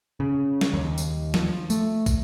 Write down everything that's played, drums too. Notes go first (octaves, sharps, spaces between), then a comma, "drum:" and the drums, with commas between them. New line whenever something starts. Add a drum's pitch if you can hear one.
C#3
drum: snare
D#2
drum: tambourine
F3, drum: snare
A3, drum: tambourine
drum: kick, tambourine